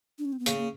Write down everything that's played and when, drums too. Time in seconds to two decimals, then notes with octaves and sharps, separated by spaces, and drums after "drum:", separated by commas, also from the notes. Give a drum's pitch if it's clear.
0.19 D4
0.25 C#4
0.32 C4
0.39 B3
0.46 C#3 A#3, drum: hi-hat
0.57 A#3